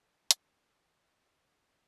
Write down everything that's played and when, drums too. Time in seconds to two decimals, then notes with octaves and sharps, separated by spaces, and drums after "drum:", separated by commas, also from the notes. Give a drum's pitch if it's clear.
0.01 D#1 C#2 C3 D4
0.31 G#1, drum: hi-hat
0.76 B2 D3 D#3 G3
0.92 F#3
1.41 A#1 F#2 C3 E3
1.61 C2 F#2 B2 A3